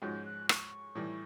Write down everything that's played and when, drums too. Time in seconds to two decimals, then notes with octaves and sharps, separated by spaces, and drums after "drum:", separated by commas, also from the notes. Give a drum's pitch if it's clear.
0.02 G#2 F3 G#3 C#4 F#4 G6
0.26 F#6
0.49 C#6, drum: rim click
0.95 A2 E3 G3